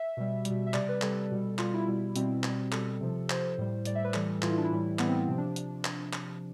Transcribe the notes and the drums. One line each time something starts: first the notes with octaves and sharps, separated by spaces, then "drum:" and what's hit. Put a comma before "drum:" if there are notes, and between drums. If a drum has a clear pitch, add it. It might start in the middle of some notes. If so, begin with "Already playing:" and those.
Already playing: E5
B2 G3
B2 G3, drum: hi-hat
E5
C3 G3 D5, drum: clap
B4
C3 G3 A4, drum: clap
B2 G3
B2 G3 F4, drum: clap
E4
B2 G3
B2 G3 C4, drum: hi-hat
B2 G3, drum: clap
B2 G3 A4, drum: clap
C3 F3
C3 F3 C5, drum: clap
A2 G3
A2 G3 D5, drum: hi-hat
E5
B4
A2 E3 G3 A4, drum: clap
A2 E3 G3 F4, drum: clap
E4
D4
E4
A2 E3 G3
A2 E3 G3 B3, drum: clap
C4
B3
C3 F3 C4
D4
drum: hi-hat
drum: clap
drum: clap